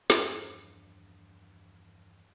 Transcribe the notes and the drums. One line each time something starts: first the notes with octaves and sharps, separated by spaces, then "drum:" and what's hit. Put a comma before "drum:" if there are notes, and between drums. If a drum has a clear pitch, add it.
E2 G2 F3 D4, drum: snare